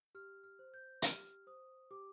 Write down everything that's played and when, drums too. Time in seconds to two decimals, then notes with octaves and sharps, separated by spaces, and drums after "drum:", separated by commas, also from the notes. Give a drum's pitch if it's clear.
0.15 G4 F6
0.44 F6
0.59 C5
0.74 G6
1.02 G4 F6, drum: hi-hat
1.47 C5 D#6
1.91 G4 D6